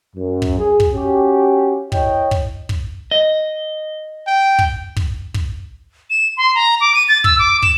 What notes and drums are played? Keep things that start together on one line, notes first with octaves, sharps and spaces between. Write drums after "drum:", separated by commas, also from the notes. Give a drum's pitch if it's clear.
F#2
drum: kick
G#4
drum: kick
C#4 F#4 G4
E4 C#5 D#5 G5, drum: kick
drum: kick
drum: kick
D#5
G5
drum: kick
drum: kick
drum: kick
E7
C6
A#5
D6
D#7
A6
E6, drum: kick
D6
E7, drum: kick